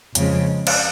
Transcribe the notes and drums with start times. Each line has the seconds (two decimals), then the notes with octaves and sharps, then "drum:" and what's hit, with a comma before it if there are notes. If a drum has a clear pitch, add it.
0.15 F2 C#3 F3 G#3, drum: hi-hat
0.67 drum: cymbal